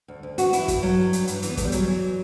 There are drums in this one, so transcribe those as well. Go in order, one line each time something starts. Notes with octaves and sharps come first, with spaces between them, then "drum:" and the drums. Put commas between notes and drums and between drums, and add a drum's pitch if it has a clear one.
D2
D2
E3 F#4, drum: hi-hat
E3 E4, drum: hi-hat
G2, drum: kick, hi-hat
G2 F#3
G2
G2, drum: hi-hat
E3, drum: hi-hat
E3, drum: hi-hat
B3
E3 A3, drum: kick, hi-hat
G3
E3 F#3, drum: hi-hat
E3
E3